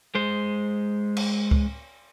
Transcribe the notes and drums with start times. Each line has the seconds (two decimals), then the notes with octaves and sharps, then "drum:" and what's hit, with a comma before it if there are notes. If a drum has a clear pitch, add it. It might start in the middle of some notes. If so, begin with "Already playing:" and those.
0.15 G#3 C5
1.17 drum: cymbal
1.51 drum: kick C#2